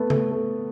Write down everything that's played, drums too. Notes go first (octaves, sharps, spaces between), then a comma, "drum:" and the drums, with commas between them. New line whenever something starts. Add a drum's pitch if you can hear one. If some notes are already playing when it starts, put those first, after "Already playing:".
Already playing: A3 B3
A3, drum: tom C#3
A3